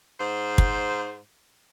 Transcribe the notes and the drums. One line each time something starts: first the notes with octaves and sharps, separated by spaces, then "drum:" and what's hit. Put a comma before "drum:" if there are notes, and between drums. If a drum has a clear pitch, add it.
G#2 C5
drum: kick